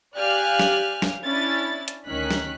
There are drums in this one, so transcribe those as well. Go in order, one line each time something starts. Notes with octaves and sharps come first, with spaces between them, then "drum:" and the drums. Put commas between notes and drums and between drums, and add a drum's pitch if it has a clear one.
G4 D5 F5 G#5 F6 F#6
drum: snare
drum: snare
C#4 D4 E4 A6
drum: hi-hat
D2 D#3 C#4 F#6 B6
drum: snare